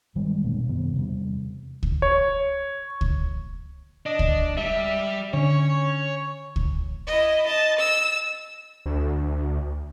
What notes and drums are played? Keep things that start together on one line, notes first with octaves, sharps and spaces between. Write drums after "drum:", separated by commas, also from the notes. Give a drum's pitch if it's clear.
G1 D#3 G3 G#3
E1 G2 B2 A#3
F#2 C3 D#3 B3
E2 C3 G3
drum: kick C#2
C#5
drum: kick C#2
D4 D#5
drum: kick C#2
G3 E5
D3 C#4 C#5
drum: kick C#2
E4 D#5
D#5 A5
E6
D2